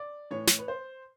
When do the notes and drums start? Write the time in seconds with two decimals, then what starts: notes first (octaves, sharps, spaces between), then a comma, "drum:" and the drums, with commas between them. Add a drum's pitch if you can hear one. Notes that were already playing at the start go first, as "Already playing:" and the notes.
Already playing: D5
0.31 A2 E3 C#5
0.47 drum: snare
0.59 B4
0.68 C5